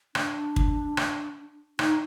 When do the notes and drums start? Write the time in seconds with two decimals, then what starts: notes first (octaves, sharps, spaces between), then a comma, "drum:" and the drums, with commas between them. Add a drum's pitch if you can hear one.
0.15 D4, drum: rim click
0.56 drum: kick
0.97 drum: rim click
1.79 D#4, drum: rim click